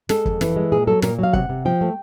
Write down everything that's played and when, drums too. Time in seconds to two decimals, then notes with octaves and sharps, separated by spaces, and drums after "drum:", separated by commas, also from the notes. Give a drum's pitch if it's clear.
0.09 G#3 A4, drum: snare
0.25 F2, drum: kick
0.41 E3, drum: snare
0.56 G#3
0.72 A#2 G#4
0.87 F#3 A4
1.02 A#2 A#4, drum: snare
1.19 F#3 F5
1.33 C3 F#5, drum: kick
1.49 C3
1.65 F3 G5
1.81 A3